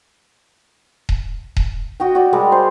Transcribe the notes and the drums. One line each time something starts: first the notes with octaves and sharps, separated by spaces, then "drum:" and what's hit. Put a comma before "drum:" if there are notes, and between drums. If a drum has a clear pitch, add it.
drum: kick D#1
drum: kick D#1
F#4 D#5 G5
F#4 D5
G3 G#3 A#4
C5